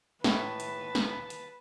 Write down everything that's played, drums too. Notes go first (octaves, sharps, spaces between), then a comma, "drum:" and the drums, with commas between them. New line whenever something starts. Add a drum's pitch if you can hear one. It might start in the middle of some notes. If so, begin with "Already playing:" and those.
A2 B4 A5, drum: snare
drum: hi-hat
drum: snare
drum: hi-hat